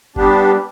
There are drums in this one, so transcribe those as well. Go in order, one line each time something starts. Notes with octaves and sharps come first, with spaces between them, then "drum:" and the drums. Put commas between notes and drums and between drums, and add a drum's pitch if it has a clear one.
G3 B3 D4 G4, drum: kick F#1